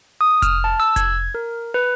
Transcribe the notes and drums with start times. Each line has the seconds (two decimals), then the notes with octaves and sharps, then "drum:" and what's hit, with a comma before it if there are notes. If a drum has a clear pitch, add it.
0.21 D#6
0.42 F6, drum: kick F1, hi-hat
0.64 A5
0.80 E6
0.96 G#6, drum: kick F1, hi-hat
1.34 A#4
1.74 B4